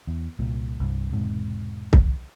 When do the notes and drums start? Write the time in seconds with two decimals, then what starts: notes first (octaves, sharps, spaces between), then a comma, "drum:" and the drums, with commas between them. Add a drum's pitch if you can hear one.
0.07 E2
0.39 C2 A#2
0.80 C2 G2
1.12 E1 G#2 C3
1.93 drum: kick C2